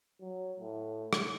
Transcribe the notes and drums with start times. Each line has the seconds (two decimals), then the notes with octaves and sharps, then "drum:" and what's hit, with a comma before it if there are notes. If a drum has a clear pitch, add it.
0.21 F#3
0.60 A2
1.13 drum: rim click